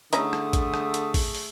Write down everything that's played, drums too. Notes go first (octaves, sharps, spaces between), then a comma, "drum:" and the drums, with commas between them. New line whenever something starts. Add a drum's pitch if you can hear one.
D3 A3 C#4 D#4 E4 G#4 D#6, drum: hi-hat
drum: rim click
drum: kick A1, hi-hat
drum: rim click
drum: hi-hat
drum: kick A1, open hi-hat
drum: open hi-hat